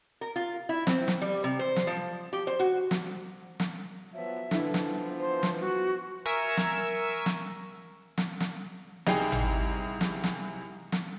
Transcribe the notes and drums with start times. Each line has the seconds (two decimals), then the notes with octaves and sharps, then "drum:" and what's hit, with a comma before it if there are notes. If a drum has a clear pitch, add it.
0.21 A#4
0.36 F4
0.69 E4
0.87 C4, drum: snare
1.08 drum: snare
1.22 G3
1.44 C3
1.59 C5
1.76 drum: snare
1.87 F3
2.33 G4
2.47 C5
2.60 F#4
2.91 drum: snare
3.60 drum: snare
4.14 F3 F#3 B3 E5
4.51 D3 E3 F3 B3 E4, drum: snare
4.74 drum: snare
5.20 C5
5.43 drum: snare
5.60 F#4
6.26 A#4 E5 G#5 C#6 E6
6.57 drum: snare
7.26 drum: snare
8.18 drum: snare
8.40 drum: snare
9.07 C2 D#4 G#4 G5 C7, drum: snare
9.32 drum: tom G#1
10.01 drum: snare
10.24 drum: snare
10.92 drum: snare